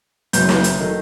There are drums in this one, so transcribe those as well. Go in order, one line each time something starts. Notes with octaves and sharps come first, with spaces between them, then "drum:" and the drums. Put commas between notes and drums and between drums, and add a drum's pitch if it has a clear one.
F#1 F#2 F#3 B3 G6, drum: hi-hat
drum: snare
drum: hi-hat
D#3 F#3 A3